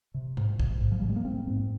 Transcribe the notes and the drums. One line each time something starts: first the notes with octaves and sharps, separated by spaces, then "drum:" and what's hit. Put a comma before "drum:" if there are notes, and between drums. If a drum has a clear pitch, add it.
C3
G#2, drum: tom
G#2, drum: kick
G#2
F3
G#2 G3
G#3
A#3
G#2 C4
G#2